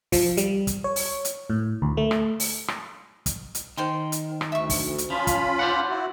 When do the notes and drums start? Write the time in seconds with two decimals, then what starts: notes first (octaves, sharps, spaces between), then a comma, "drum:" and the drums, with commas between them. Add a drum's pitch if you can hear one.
0.12 F3, drum: kick, open hi-hat
0.37 G3, drum: hi-hat
0.67 drum: kick, hi-hat
0.84 C#5
0.96 drum: open hi-hat
1.25 drum: hi-hat
1.50 A2
1.82 D2
1.97 A3
2.11 drum: rim click
2.40 drum: open hi-hat
2.68 drum: rim click
3.26 drum: kick, hi-hat
3.55 drum: hi-hat
3.77 D#3 C5 G5 C6
4.12 drum: hi-hat
4.41 drum: rim click
4.52 D2 E5 C#6
4.70 drum: kick, open hi-hat
4.98 drum: hi-hat
5.10 F3 C#4 F4 B5
5.27 drum: kick, hi-hat
5.59 C5 D5 F#5
5.89 E4 F#4